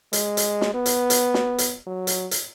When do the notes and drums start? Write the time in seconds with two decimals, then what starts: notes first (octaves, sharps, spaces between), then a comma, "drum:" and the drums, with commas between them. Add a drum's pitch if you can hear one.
0.13 G#3, drum: hi-hat
0.37 drum: hi-hat
0.61 drum: snare
0.74 B3
0.86 drum: hi-hat
1.10 drum: hi-hat
1.34 drum: snare
1.58 drum: hi-hat
1.87 F#3
2.07 drum: hi-hat
2.31 drum: hi-hat